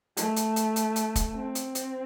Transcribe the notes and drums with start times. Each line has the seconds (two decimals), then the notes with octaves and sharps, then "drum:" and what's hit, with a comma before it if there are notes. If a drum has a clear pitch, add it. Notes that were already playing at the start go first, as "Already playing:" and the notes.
0.17 A3, drum: hi-hat
0.36 drum: hi-hat
0.56 drum: hi-hat
0.76 drum: hi-hat
0.96 drum: hi-hat
1.15 drum: kick, hi-hat
1.35 C4
1.55 drum: hi-hat
1.75 drum: hi-hat